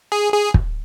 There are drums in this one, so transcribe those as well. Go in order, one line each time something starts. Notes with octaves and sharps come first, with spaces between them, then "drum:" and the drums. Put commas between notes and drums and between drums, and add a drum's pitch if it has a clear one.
G#4
G#4
drum: kick